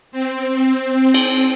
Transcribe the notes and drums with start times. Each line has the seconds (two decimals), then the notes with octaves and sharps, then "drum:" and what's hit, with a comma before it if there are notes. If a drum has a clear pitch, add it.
0.12 C4
1.14 drum: cymbal